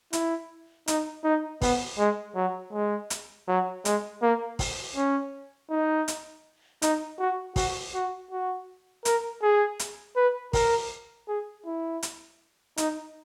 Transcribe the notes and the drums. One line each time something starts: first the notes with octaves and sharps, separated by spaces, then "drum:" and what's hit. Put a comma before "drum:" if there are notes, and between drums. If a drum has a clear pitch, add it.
E4, drum: hi-hat
D#4, drum: hi-hat
D#4
B3, drum: kick, open hi-hat
G#3
F#3
G#3
drum: hi-hat
F#3
G#3, drum: hi-hat
A#3
drum: kick, open hi-hat
C#4
D#4
drum: hi-hat
D#4, drum: hi-hat
F#4
F#4, drum: kick, open hi-hat
F#4
F#4
A#4, drum: hi-hat
G#4
drum: hi-hat
B4
A#4, drum: kick, open hi-hat
G#4
E4
drum: hi-hat
D#4, drum: hi-hat